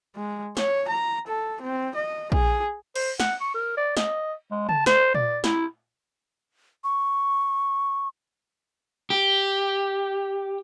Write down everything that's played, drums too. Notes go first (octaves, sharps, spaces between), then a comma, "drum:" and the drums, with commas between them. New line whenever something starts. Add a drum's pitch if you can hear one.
G#3
C#5, drum: snare
A#5
A4
C4
D#5
G#4, drum: kick A#1
C5, drum: cymbal
F#5, drum: snare
C#6
A#4
D5
D#5, drum: snare
G#3
A5, drum: tom C#3
C5, drum: snare
D5, drum: tom A#2
E4, drum: snare
C#6
G4